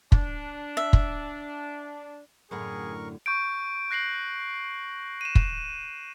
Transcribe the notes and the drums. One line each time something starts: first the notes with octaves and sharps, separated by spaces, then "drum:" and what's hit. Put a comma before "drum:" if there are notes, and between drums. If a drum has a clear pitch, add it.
D4, drum: kick
E5
drum: kick
F#2 A2 D3 G#4 A#4 C#6
C#6 G6 D7
F#6 A#6 C7 D7 F#7
D#7 E7
drum: kick